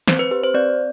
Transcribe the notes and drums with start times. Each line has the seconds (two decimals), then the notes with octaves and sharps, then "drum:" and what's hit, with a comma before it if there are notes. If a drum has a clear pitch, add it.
0.08 C4 C5, drum: snare
0.19 B4
0.31 G4 B4
0.44 C5
0.54 C4 D5